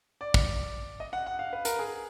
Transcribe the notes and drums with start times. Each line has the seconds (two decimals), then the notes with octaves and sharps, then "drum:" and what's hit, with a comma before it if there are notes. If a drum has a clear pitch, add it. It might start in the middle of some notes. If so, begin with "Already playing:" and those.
0.21 D5
0.34 drum: kick
1.00 D#5
1.13 F#5
1.27 F#5
1.39 F5
1.53 B4
1.65 A#4, drum: hi-hat
1.79 G#4